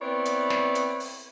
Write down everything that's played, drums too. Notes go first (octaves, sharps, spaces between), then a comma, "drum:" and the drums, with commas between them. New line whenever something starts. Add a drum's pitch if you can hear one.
B3 C4 E4 B4 C#5 D5
drum: hi-hat
drum: snare
drum: hi-hat
drum: open hi-hat